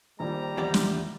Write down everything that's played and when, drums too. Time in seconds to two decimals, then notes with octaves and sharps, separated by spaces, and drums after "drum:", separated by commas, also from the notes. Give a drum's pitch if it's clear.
0.20 A#1 D#3 F3 G3 A#5
0.57 E2 G4 D5
0.74 drum: snare